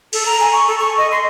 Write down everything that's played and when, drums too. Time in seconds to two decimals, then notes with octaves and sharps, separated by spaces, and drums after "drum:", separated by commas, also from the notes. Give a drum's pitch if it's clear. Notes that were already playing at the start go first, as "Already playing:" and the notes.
0.13 A4, drum: cymbal
0.26 A#5
0.40 G#5
0.53 C#6
0.67 A4
0.80 C#6
0.97 D#5
1.11 C6